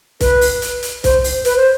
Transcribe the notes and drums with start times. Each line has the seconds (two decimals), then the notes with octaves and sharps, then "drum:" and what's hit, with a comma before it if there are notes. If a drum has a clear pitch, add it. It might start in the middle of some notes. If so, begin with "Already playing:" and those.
0.21 B4, drum: kick, hi-hat
0.41 drum: open hi-hat
0.62 drum: hi-hat
0.83 drum: hi-hat
1.04 C5, drum: kick, hi-hat
1.24 drum: open hi-hat
1.45 B4, drum: hi-hat
1.56 C5